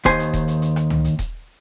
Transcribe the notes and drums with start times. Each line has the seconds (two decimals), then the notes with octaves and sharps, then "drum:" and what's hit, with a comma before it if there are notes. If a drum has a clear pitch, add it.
0.05 D#2 D#3 C5 G#5, drum: kick D#1, hi-hat
0.19 drum: hi-hat
0.33 drum: kick D#1, hi-hat
0.48 drum: hi-hat
0.62 drum: hi-hat
0.76 drum: rim click
0.90 drum: tom C#2
1.04 drum: hi-hat
1.19 drum: kick D#1, hi-hat